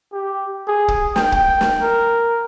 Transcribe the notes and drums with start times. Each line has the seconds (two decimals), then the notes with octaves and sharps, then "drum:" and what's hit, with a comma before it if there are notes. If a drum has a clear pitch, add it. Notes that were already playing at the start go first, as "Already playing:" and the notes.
0.13 G4
0.67 G#4
0.88 drum: kick
1.16 G5, drum: snare
1.32 drum: kick
1.61 drum: snare
1.81 A#4